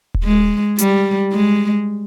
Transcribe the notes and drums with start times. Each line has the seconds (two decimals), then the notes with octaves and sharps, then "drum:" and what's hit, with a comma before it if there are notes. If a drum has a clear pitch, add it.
0.14 drum: kick D#1
0.24 G#3
0.78 G3, drum: hi-hat
1.32 G#3